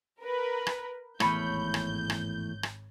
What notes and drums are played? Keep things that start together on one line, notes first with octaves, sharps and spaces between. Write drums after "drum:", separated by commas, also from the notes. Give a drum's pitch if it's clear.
A#4 B4
drum: rim click
G#1 E2 A2 C#5 B5 G6, drum: rim click
drum: rim click
drum: rim click
drum: rim click